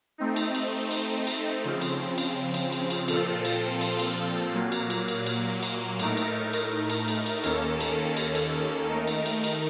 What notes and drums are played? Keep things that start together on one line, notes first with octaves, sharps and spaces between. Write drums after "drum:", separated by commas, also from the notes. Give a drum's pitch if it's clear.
A3 C4 D#4
drum: cymbal
drum: cymbal
drum: cymbal
drum: cymbal
C#3 F3 C4
drum: cymbal
drum: cymbal
drum: cymbal
drum: cymbal
drum: cymbal
A#2 F3 C4 F4 A4, drum: cymbal
drum: cymbal
drum: cymbal
drum: cymbal
A#2 F#3 A#3
drum: cymbal
drum: cymbal
drum: cymbal
drum: cymbal
drum: cymbal
A2 A3 D#4 A#4, drum: cymbal
drum: cymbal
drum: cymbal
drum: cymbal
drum: cymbal
drum: cymbal
D#2 D#3 A#3 C#4 A4, drum: cymbal
drum: cymbal
drum: cymbal
drum: cymbal
D#3 A3 D#4 A#4
drum: cymbal
drum: cymbal
drum: cymbal